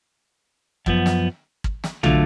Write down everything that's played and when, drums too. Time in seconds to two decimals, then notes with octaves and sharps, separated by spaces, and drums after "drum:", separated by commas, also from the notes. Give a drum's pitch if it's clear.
0.86 F#2 F3 B3, drum: kick
1.06 drum: snare
1.64 drum: kick
1.84 drum: snare
2.03 D3 F#3 A3 F4, drum: tom